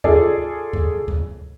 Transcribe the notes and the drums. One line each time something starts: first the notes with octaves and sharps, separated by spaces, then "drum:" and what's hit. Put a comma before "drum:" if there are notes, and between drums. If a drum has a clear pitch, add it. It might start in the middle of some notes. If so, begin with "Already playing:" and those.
F4 G#4 A4 D5, drum: kick D2
drum: kick D2
drum: kick D2